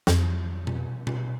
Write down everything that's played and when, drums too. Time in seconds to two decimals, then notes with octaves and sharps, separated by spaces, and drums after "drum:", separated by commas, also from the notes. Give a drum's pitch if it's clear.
0.07 F2, drum: snare
0.67 drum: tom B2
1.07 drum: tom B2